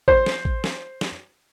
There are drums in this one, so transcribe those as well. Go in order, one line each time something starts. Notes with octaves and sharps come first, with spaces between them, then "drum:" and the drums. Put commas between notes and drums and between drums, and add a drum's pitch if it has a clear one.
C5, drum: kick A1
drum: snare
drum: kick A1
drum: snare
drum: snare